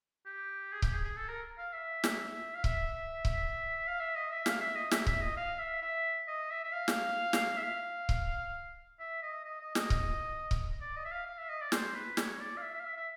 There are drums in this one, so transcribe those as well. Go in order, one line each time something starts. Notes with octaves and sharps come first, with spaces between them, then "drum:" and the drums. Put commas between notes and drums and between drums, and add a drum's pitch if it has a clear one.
G4
G#4
G4, drum: kick C#1
G#4
G#4
A4
A#4
F5
E5
drum: snare
F5
E5, drum: kick C#1
drum: kick C#1
F5
E5
D#5
E5
F5, drum: snare
E5
D#5
E5, drum: snare
E5, drum: kick C#1
D#5
F5
E5
E5
D#5
E5
E5
F5
drum: snare
drum: snare
E5
F5
drum: kick C#1
E5
D#5
D#5
D#5
D#5, drum: snare
drum: kick C#1
drum: kick C#1
D5
D#5
E5
F5
F5
E5
D#5
D5
C5, drum: snare
B4
C#5, drum: snare
D5
F5
E5
E5
F5
E5
E5